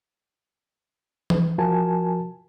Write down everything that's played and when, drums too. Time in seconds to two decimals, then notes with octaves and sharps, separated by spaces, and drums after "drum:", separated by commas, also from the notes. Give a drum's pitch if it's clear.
1.30 drum: tom E3
1.58 F3 F#4 A#4 G#5 A5